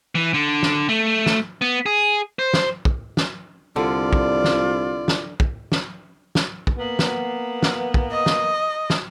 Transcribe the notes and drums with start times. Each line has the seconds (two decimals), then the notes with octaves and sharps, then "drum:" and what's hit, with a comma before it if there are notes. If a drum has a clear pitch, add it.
0.15 E3
0.34 D3
0.63 drum: snare
0.89 A3
1.26 drum: snare
1.61 B3
1.86 G#4
2.39 C5
2.54 drum: snare
2.85 drum: kick
3.17 drum: snare
3.76 C2 D3 F4 D5
4.13 drum: kick
4.44 drum: snare
5.08 drum: snare
5.40 drum: kick
5.72 drum: snare
6.35 drum: snare
6.67 drum: kick
6.78 A#3 B3
6.99 drum: snare
7.63 drum: snare
7.94 drum: kick
8.12 D#5
8.26 drum: snare
8.90 drum: snare